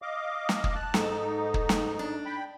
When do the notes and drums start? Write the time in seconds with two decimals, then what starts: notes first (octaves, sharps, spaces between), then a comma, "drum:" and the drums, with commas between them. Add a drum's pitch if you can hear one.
0.02 D#5 F5 D6
0.49 drum: snare
0.64 drum: kick
0.75 A5 F#6
0.94 G#2 D#4 A4, drum: snare
1.54 drum: kick
1.69 drum: snare
1.99 D4
2.25 G5 B5